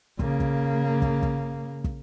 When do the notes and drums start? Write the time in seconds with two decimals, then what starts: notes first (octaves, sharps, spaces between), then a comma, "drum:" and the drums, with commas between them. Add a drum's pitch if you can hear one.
0.19 C#3 A#3, drum: kick
0.40 drum: kick
1.02 drum: kick
1.22 drum: kick
1.84 drum: kick